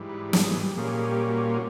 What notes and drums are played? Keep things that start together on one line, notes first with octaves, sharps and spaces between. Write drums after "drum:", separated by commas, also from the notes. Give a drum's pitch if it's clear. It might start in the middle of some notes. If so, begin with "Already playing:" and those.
Already playing: G#2 E3 G3
B4
A4, drum: snare
G#4
G4
A#2 G3 A#3 C#4 G#4
G#4
G4
F#4
F4
F#4